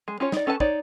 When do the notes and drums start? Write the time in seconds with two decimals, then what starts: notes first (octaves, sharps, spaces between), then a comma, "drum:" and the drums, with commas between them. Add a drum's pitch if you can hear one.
0.08 G#3
0.20 C#4 F4 C#5
0.32 D#4 D5, drum: snare
0.47 C#4 A4 B4 A5
0.60 D#4 C#5 D5, drum: kick